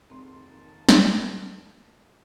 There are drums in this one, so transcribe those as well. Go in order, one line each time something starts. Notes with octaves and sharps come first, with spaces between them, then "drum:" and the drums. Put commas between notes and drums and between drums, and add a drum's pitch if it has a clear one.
F1 D#3 G#3 A#3 C4 A5 C6
drum: snare